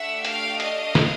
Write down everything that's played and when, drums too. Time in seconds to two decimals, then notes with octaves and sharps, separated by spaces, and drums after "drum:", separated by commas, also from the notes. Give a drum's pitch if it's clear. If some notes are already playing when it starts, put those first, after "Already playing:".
Already playing: A3 D4 G4 E5 F#5
0.25 F5 G5, drum: hi-hat
0.60 D#5 F5, drum: hi-hat
0.95 drum: snare